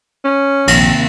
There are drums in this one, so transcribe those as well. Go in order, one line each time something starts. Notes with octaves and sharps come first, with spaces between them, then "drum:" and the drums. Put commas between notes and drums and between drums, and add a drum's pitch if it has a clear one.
C#4
A#1 D#2 C3, drum: cymbal